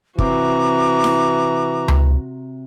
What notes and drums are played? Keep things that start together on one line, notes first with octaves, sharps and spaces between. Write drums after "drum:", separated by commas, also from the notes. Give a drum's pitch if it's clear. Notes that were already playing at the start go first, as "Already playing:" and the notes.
C3 E3 C4 F#4 A#5 D6, drum: kick
drum: snare E4
drum: tom C#2